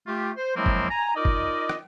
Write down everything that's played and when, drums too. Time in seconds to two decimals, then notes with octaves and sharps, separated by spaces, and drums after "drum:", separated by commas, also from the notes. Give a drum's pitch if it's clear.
0.07 A3 F4 G4
0.36 C5
0.56 F3 F#3 G#3 A#3 C4 E4
0.66 drum: kick
0.90 G#5 A#5
1.16 D#4 F4 A#4 D5 D#5
1.25 drum: kick
1.69 drum: rim click